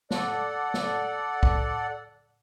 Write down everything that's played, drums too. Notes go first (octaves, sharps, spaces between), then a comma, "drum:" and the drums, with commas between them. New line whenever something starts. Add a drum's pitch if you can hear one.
A4 D5 F#5, drum: snare
drum: snare
drum: kick